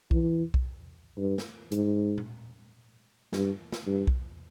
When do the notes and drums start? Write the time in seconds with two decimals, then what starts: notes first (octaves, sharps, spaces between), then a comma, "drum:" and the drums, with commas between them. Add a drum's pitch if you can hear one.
0.11 E3, drum: kick B1
0.54 drum: kick B1
1.18 G2
1.38 drum: snare
1.72 G#2, drum: hi-hat
2.18 drum: tom A#2
3.33 G2, drum: snare
3.72 drum: snare
3.87 G2
4.07 drum: kick B1